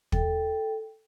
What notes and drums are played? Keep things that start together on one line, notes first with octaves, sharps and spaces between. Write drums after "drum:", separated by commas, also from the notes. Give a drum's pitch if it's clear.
A4 G5, drum: kick